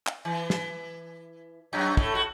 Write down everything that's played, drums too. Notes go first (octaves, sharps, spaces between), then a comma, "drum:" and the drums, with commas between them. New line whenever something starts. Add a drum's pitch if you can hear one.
drum: clap
E3
drum: snare
F#2 F#3
A2 A3, drum: kick
F#4